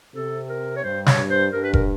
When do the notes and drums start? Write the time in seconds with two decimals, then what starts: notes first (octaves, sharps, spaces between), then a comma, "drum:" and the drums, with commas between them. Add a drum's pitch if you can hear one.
0.14 C3 A4
0.49 A#4
0.76 C#5
0.83 G2 C5
1.06 C#5, drum: snare
1.29 C5
1.52 G2 A#4
1.63 B4
1.73 A#4, drum: kick F1